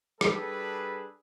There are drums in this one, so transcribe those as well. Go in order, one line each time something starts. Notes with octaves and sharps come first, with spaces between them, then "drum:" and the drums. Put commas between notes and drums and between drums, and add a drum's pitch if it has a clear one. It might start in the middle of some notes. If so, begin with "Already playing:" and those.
G3 D4 G#4 A4 B4 B5, drum: rim click